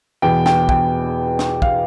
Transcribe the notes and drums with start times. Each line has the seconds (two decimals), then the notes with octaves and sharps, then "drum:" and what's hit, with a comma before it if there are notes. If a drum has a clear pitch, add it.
0.22 E2 B2 G5
0.46 G5, drum: snare
0.69 G5, drum: kick
1.39 drum: snare
1.62 F5, drum: kick